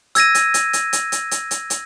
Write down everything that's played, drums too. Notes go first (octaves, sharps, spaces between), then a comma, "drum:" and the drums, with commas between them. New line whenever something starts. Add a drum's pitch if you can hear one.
E6 G#6 A#6 D#7, drum: hi-hat
drum: hi-hat
drum: hi-hat
drum: hi-hat
drum: hi-hat
drum: hi-hat
drum: hi-hat
drum: hi-hat
drum: hi-hat